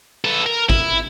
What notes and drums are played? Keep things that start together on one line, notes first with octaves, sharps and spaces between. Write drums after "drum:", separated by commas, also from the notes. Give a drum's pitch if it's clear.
B3 A4
A#4
E4, drum: kick A1